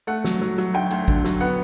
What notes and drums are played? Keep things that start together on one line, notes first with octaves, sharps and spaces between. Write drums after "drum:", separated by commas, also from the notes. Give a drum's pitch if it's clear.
A3 F#5
F#3, drum: snare
F#3
F#3, drum: hi-hat
D2 G5
D2, drum: hi-hat
D3, drum: kick
F#3, drum: snare
B3 F#5